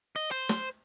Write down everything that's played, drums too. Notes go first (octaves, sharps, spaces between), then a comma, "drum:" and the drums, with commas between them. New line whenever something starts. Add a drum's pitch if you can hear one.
D#5
C5
drum: snare